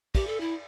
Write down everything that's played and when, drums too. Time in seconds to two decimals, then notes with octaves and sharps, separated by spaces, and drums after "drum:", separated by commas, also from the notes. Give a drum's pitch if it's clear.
0.15 G4, drum: kick, cymbal
0.27 A4
0.40 E4